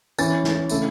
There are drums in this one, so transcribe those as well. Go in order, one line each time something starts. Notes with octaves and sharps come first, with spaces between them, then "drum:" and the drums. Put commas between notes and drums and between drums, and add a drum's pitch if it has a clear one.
E3 C#4 E4 A6, drum: tambourine
drum: snare
C#3 A3 E4, drum: tambourine